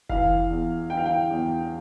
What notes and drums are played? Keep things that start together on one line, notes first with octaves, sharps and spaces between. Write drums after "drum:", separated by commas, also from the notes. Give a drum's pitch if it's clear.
E3 F5, drum: kick F1
E2
E3 G5
F5
G5
E2